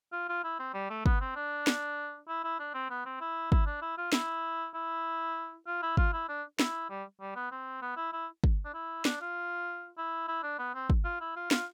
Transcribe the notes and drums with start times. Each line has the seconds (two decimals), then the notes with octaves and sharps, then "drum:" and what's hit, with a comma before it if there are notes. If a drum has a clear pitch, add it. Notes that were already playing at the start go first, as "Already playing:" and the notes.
0.13 F4
0.29 F4
0.44 E4
0.59 C4
0.74 G3
0.90 A3
1.06 B3, drum: kick
1.21 C4
1.36 D4
1.67 drum: snare
2.28 E4
2.44 E4
2.59 D4
2.74 C4
2.90 B3
3.05 C4
3.21 E4
3.52 E4, drum: kick
3.66 D4
3.82 E4
3.98 F4
4.12 E4, drum: snare
4.74 E4
5.67 F4
5.83 E4
5.97 F4, drum: kick
6.13 E4
6.29 D4
6.59 E4, drum: snare
6.90 G3
7.21 G3
7.36 B3
7.52 C4
7.82 B3
7.97 E4
8.13 E4
8.44 drum: kick
8.65 D4
8.74 E4
9.05 D4, drum: snare
9.21 F4
9.98 E4
10.28 E4
10.43 D4
10.59 B3
10.75 C4
10.90 drum: kick
11.05 F4
11.21 E4
11.36 F4
11.51 F4, drum: snare